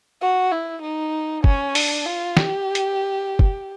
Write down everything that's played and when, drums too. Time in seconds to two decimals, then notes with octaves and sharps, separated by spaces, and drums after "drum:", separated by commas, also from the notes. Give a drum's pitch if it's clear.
0.21 F#4
0.52 E4
0.82 D#4
1.44 C#4, drum: kick
1.75 D4, drum: open hi-hat
2.06 F4
2.37 G4, drum: snare
2.75 drum: hi-hat
3.39 drum: kick